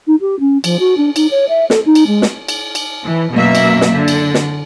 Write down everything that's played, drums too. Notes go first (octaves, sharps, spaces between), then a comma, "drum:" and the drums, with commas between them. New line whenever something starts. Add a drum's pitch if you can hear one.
D#4
G4
C#4
F3, drum: cymbal
F#4
D4
D#4, drum: cymbal
C#5
E5
A4, drum: snare
D#4
drum: cymbal
G#3
drum: snare
drum: cymbal
drum: cymbal
E3
F#2 B2 A#3 E5
drum: cymbal
drum: snare
D3
drum: cymbal
drum: snare